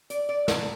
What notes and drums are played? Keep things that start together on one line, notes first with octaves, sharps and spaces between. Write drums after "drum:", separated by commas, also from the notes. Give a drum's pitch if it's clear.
D5, drum: hi-hat
D5
B2 F#3 A3 C4 F#5, drum: snare